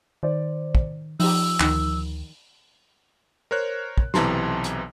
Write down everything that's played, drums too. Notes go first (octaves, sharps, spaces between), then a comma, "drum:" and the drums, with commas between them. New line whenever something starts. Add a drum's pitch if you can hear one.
D#3 C5 D5
drum: kick
F3 D#4 G4 E6, drum: open hi-hat
D2 D#3 D#4, drum: clap
A#4 C5 C#5 F#6
drum: kick
B1 C3 E3 A5 A#5 C6, drum: snare
drum: hi-hat